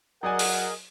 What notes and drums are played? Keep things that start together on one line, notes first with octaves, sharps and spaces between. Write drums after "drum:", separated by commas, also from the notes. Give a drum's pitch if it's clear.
F#3 G#4 A#4 D5 D#5 F#5 G#5
drum: open hi-hat